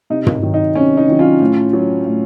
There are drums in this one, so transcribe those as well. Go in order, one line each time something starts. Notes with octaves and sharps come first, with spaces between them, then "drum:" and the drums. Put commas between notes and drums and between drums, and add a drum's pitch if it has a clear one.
C3 D#4
drum: tom
D#3 F#3
D#4
C3 C#4
D#4
D#3 F#3
C#4 F4
A2
F#3
A2